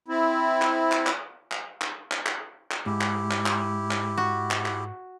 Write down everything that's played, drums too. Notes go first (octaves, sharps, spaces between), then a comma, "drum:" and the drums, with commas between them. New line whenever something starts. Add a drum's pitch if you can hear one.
C4 E4
drum: clap
drum: clap
drum: clap
drum: clap
drum: clap
drum: clap
drum: clap
drum: clap
G#2 E4 G4
drum: clap
drum: clap
drum: clap
drum: clap
F#4
drum: clap
drum: clap